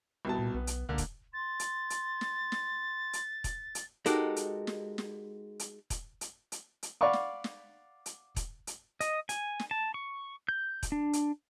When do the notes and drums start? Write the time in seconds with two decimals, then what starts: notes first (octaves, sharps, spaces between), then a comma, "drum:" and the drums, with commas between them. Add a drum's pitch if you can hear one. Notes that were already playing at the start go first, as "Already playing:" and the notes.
0.25 C2 B2 A5
0.39 A#2
0.54 B1 B3
0.67 drum: hi-hat
0.89 C#2 D3 A#3
0.98 drum: kick E1, hi-hat
1.34 C6 A6
1.60 drum: hi-hat
1.90 drum: hi-hat
2.21 drum: snare
2.52 drum: snare
3.13 drum: hi-hat
3.44 drum: kick E1, hi-hat
3.75 drum: hi-hat
4.06 G#3 D#4 F#4 G4 A4 A#4, drum: hi-hat
4.36 drum: hi-hat
4.67 drum: snare
4.98 drum: snare
5.60 drum: hi-hat
5.90 drum: kick E1, hi-hat
6.21 drum: hi-hat
6.52 drum: hi-hat
6.83 drum: hi-hat
7.01 D5 F5 F#5 B5 C#6 D6
7.13 drum: snare
7.44 drum: snare
8.06 drum: hi-hat
8.36 drum: kick E1, hi-hat
8.67 drum: hi-hat
9.01 D#5, drum: hi-hat
9.29 G#5, drum: hi-hat
9.60 drum: snare
9.71 A5
9.94 C#6
10.49 G6
10.83 drum: kick E1, hi-hat
10.92 D4
11.13 drum: hi-hat